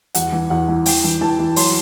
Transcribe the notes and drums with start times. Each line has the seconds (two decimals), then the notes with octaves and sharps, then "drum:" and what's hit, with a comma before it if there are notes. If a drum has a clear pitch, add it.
0.15 E2 F#5, drum: hi-hat
0.32 E3
0.50 E2 F#5
0.68 E3
0.86 E3 G5, drum: open hi-hat
1.04 E3
1.21 E3 A5
1.39 E3
1.56 F#3 C6, drum: open hi-hat